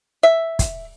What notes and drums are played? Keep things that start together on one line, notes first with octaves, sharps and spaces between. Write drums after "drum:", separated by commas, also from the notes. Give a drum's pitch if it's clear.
E5
drum: kick, hi-hat